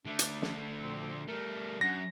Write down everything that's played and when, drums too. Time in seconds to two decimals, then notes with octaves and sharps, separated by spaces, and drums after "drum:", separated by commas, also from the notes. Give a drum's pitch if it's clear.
0.06 D3 A3 D4
0.19 drum: hi-hat
0.42 drum: snare
0.79 A#2 F3 C4
1.28 G3 A3 A#4
1.81 F#2 D4 F#5 A#6